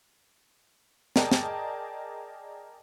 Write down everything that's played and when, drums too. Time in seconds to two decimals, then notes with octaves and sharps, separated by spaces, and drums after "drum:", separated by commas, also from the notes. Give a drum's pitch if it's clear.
1.16 G#4 A#4 D5 D#5 G5 A5, drum: snare
1.32 drum: snare